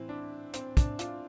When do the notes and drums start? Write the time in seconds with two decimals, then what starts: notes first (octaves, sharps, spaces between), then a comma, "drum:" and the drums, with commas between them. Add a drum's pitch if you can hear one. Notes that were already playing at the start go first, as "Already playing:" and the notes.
Already playing: A2 E3 C4 E4
0.09 D4
0.54 C4, drum: hi-hat
0.77 D4, drum: kick, hi-hat
0.99 D4 F4, drum: hi-hat